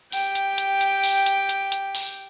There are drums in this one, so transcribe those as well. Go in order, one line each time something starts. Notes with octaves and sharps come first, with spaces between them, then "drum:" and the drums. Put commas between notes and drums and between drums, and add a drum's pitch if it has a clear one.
G4 G5, drum: open hi-hat
drum: hi-hat
drum: hi-hat
drum: hi-hat
drum: open hi-hat
drum: hi-hat
drum: hi-hat
drum: hi-hat
drum: open hi-hat